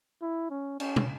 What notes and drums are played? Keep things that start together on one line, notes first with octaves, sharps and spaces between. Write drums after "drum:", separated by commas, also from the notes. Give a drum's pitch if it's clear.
E4
C#4
C#4, drum: cymbal
drum: tom